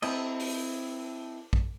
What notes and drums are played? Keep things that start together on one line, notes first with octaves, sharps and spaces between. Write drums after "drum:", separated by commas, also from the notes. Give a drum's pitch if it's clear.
C4 E4 A4 D#5, drum: cymbal
drum: open hi-hat
drum: kick A#1